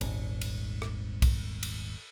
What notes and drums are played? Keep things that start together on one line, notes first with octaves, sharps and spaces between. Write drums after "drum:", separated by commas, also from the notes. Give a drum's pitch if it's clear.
D#1 G#1, drum: cymbal
drum: cymbal
drum: rim click
drum: kick B1, cymbal
drum: cymbal